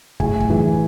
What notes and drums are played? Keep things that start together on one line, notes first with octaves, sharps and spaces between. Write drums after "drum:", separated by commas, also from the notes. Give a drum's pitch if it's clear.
A2 G#4 G#5, drum: kick
drum: kick
E3 G#4 G#5